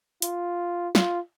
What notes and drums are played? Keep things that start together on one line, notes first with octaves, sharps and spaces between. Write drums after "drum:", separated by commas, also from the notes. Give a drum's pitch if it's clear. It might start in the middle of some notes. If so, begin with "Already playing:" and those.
F4, drum: hi-hat
F4, drum: snare